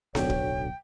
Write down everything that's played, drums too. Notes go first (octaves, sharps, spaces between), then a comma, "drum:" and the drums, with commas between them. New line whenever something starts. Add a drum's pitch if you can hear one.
D1 B1 D4 F#4 A4 C#5 G5, drum: snare B3
drum: kick